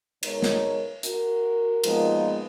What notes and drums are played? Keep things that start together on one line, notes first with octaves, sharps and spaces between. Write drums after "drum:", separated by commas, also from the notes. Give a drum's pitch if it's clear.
B2 G#3 D#4 A#4 C#5, drum: cymbal
drum: snare
F#4 A#4, drum: hi-hat
A#2 F3 G#3 B3 D#4, drum: cymbal